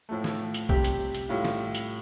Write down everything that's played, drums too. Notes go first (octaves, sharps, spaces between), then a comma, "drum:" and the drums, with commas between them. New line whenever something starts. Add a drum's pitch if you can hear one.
A2 F3 A3
drum: snare
drum: hi-hat
C3 G3 G4, drum: kick B1
drum: hi-hat
drum: hi-hat
A2 G3 F4
drum: snare
drum: hi-hat